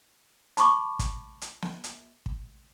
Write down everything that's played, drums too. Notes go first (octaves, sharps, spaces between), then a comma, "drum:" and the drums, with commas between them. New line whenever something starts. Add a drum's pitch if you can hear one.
A5 B5 C#6 D6, drum: hi-hat
drum: kick, hi-hat
drum: hi-hat
drum: snare
drum: hi-hat
drum: kick